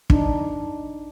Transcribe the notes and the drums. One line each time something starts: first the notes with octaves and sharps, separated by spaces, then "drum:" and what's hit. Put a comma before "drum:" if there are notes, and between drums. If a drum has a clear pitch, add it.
D4 D#4, drum: kick